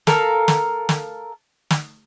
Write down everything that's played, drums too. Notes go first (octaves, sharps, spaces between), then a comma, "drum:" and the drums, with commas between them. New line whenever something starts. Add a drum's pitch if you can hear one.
A4 A#4 F5, drum: snare
drum: snare
drum: snare
drum: snare